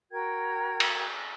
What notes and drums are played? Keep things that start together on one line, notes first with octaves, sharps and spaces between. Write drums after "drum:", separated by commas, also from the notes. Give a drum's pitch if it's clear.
F#4 A#4 G5 G#6
drum: cymbal